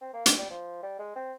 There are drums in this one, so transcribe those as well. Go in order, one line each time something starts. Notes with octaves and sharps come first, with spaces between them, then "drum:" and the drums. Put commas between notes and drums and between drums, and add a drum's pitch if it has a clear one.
C4
A#3
G#3, drum: hi-hat
G3
F3
G3
G#3
C4